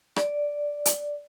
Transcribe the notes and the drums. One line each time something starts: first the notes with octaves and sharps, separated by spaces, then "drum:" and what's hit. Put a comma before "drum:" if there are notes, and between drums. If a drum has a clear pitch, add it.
D5, drum: rim click
drum: hi-hat